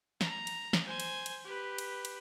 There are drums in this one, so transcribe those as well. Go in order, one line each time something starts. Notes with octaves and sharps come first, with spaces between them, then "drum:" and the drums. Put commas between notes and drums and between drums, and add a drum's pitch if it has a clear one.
A#5, drum: snare
drum: cymbal
drum: snare
C5 G#5
drum: cymbal
drum: cymbal
G4 B4
drum: cymbal
drum: cymbal